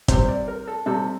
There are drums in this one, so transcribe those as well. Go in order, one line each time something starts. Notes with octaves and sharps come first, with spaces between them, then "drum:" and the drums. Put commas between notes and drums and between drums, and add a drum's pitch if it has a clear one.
C3 G3 C5, drum: kick, hi-hat
D5
A#4
A4
C3 G3 A4